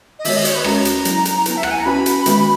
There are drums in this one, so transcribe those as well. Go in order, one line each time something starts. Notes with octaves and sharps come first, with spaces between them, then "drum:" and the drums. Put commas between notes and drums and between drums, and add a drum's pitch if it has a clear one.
D#5
D#3 G#3 B3 F#4 C#5 E5, drum: open hi-hat
D#5
C#5, drum: hi-hat
B4
G#3 C#4 F#4 A#4 C#5 A#5, drum: rim click
drum: hi-hat
F#3 B3 E4, drum: hi-hat
drum: hi-hat
B3 E4 B4, drum: hi-hat
E5
F#5, drum: rim click
G#5
A#5
C#4 F#4 B4 B5
drum: hi-hat
D#3 G#3 B3 F#4 B4, drum: hi-hat